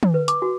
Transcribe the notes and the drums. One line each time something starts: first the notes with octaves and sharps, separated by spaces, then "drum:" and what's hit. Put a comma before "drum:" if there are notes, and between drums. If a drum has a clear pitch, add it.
drum: tom
B4
D6, drum: hi-hat
F#4